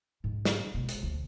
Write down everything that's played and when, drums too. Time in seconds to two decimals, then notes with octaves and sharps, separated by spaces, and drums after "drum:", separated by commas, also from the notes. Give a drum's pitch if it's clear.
0.24 G#2
0.45 drum: snare
0.74 B2 G#3
0.89 drum: hi-hat
1.03 D2